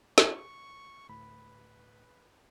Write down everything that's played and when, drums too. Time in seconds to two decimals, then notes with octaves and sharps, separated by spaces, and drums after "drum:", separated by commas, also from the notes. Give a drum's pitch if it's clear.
0.18 C#6, drum: snare
1.09 D2 A2 B4 B5